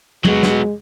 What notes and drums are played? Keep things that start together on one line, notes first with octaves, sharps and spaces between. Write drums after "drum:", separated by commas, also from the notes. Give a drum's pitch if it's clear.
F#3 G#3 B3, drum: tom
drum: snare